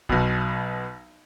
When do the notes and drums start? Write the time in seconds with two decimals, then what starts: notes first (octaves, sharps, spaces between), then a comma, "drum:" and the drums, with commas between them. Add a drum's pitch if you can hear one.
0.09 B1 B2, drum: kick